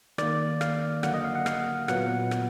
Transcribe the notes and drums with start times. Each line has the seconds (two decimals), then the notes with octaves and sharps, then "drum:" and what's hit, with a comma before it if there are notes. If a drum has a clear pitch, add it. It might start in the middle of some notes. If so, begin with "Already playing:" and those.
0.18 D#3 A#3 D5, drum: rim click
0.61 F5, drum: rim click
1.03 D3 F#3 A#3 F#5, drum: rim click
1.14 D#5
1.24 F5
1.35 F#5
1.46 F5, drum: rim click
1.88 A#2 F#3 B3 F#5, drum: rim click
2.31 drum: rim click